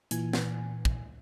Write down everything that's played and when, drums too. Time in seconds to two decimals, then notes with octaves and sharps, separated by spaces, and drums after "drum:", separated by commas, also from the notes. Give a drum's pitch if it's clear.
0.11 A#2 E3 G#5, drum: hi-hat
0.33 drum: snare
0.85 drum: kick